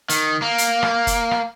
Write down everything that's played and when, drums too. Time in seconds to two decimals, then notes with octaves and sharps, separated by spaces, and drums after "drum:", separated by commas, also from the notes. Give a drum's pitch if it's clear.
0.10 D#3, drum: hi-hat
0.42 A#3
0.58 drum: hi-hat
0.83 drum: rim click
1.07 drum: kick, hi-hat
1.31 drum: rim click